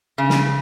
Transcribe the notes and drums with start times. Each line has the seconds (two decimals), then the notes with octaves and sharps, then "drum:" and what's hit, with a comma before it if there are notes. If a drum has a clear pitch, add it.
0.18 C#3
0.30 drum: snare